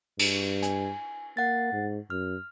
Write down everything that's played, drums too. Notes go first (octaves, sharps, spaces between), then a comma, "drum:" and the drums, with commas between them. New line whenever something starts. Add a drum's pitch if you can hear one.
G2, drum: cymbal
G#5, drum: hi-hat
A#3 F#5 A6
G#2
F#2 F6